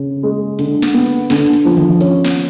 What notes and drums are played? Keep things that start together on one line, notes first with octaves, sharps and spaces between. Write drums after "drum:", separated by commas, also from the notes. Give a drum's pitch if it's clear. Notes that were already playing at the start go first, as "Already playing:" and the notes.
Already playing: C#3 C#4
G#3
D3, drum: hi-hat
drum: snare
B3
drum: hi-hat
D3, drum: snare
drum: hi-hat
F3
drum: tom D3
C#4, drum: hi-hat
drum: snare